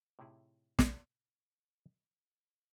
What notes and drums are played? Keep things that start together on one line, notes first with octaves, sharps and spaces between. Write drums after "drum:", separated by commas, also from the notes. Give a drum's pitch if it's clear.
A2 C3 D#4 E4 G#4
drum: snare